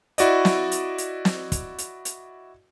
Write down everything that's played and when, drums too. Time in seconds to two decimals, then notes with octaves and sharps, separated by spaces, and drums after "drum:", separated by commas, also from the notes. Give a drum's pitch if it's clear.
0.18 E4 F#4 D5 D#5, drum: hi-hat
0.45 drum: snare
0.72 drum: hi-hat
0.98 drum: hi-hat
1.25 drum: snare
1.52 drum: kick, hi-hat
1.78 drum: hi-hat
2.05 drum: hi-hat